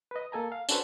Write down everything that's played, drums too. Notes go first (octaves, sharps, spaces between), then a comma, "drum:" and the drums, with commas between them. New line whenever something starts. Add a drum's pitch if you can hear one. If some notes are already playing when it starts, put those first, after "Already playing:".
B4 D#5
A#3 A4 G#5 A#5
F5
C#4 D4 F#4 A4 B4 C5, drum: tambourine